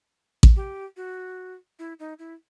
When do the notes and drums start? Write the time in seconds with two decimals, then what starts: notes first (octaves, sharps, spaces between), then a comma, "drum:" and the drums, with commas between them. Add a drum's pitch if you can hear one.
0.43 drum: kick A1
0.56 G4
0.97 F#4
1.79 E4
1.99 D#4
2.19 E4